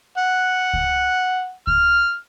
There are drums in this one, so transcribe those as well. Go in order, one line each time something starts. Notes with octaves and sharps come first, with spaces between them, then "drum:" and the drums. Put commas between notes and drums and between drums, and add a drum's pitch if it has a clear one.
F#5
drum: kick C#2
F6, drum: kick C#2